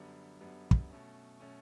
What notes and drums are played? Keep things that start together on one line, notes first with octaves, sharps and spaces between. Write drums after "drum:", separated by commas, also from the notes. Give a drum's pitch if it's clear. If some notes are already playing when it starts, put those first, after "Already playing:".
Already playing: F#2 D3 G3 B3
F#2 D3 G3 B3
drum: kick
B2 A3 C#4
B2 A3 C#4